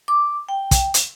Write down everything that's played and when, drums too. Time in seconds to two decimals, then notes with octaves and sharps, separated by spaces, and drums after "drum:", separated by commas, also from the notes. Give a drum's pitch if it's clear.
0.08 D6
0.49 G5
0.71 drum: kick, hi-hat
0.94 drum: hi-hat